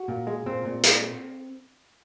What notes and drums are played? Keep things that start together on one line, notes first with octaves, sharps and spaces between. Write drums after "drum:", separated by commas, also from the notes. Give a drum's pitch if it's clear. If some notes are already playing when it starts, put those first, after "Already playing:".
Already playing: F#4
A#2
G#3
A#2 C4
A#2
G#3, drum: hi-hat